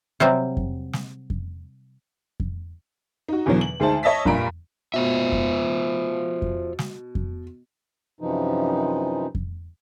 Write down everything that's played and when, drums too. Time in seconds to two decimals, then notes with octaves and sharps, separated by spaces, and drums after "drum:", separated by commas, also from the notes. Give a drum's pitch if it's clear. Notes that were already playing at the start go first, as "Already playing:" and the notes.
0.20 C3 F#3 G3 C4
0.57 drum: kick F2
0.93 drum: snare
1.30 drum: kick F2
2.40 drum: kick F2
3.28 D#4 F#4
3.46 E2 B2 D3 E3 F#3
3.61 F#7
3.80 D2 G#3 D#4 C5 A5
4.03 C#5 D#5 E5 A5 B6
4.25 G2 A#2 D4 A#5 B5 D7, drum: kick F2
4.94 B2 F4 C5 E5
5.32 drum: kick F2
6.42 drum: kick F2
6.79 drum: snare
7.15 drum: kick F2
8.21 F#2 C3 E3 F3 D#4
9.35 drum: kick F2